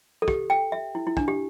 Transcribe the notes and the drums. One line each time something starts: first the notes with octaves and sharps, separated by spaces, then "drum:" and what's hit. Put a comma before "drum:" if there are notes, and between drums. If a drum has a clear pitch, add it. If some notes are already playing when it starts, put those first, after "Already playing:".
A4
G4, drum: kick
G5
E5
E4
E4
D4, drum: kick
G4